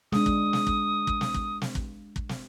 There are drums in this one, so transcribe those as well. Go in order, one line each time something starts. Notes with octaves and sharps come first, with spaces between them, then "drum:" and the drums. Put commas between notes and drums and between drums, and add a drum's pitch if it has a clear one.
G#3 D4 D#6, drum: snare
drum: kick
drum: snare
drum: kick
drum: kick
drum: snare
drum: kick
drum: snare
drum: kick
drum: kick
drum: snare